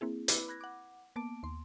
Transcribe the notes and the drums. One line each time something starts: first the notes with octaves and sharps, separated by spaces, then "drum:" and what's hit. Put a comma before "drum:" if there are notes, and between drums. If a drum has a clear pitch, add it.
A#3 C4 E4 G#4
E4 B4 B5 D6 E6, drum: hi-hat
B5 F#6 G#6 A#6
F#5 D6
A#3 B3 A5 D6 D7
D#2 C6